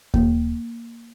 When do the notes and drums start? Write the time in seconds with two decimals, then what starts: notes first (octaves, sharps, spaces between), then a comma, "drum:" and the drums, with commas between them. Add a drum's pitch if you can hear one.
0.14 A#3, drum: kick D#2